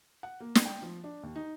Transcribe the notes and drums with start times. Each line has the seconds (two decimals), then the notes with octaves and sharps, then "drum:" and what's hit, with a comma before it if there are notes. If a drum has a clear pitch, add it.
0.23 F#5
0.40 A#3
0.55 drum: snare
0.65 G5
0.82 F3
1.04 D4
1.23 D#2
1.35 D#4